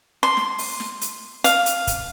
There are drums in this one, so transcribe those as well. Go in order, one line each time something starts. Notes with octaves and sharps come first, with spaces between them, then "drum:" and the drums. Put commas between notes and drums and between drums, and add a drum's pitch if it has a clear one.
C6
drum: snare
drum: open hi-hat
drum: snare
drum: hi-hat
F5, drum: hi-hat
drum: hi-hat
drum: kick, hi-hat